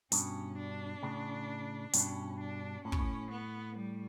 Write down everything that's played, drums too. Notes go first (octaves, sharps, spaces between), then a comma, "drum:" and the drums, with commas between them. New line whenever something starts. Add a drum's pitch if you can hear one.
G2 B2 C#4, drum: hi-hat
D4
A2 C#3
G2 B2 C#4, drum: hi-hat
D4
A2 C#4
B2, drum: kick
A2
B3
G3